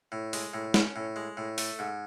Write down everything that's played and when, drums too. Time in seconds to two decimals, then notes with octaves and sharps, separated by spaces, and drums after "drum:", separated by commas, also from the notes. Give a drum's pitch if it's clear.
0.12 A2
0.33 G#3, drum: open hi-hat
0.54 A2
0.74 C#4, drum: snare
0.96 A2
1.16 G#3
1.37 A2
1.58 A3, drum: open hi-hat
1.79 G#2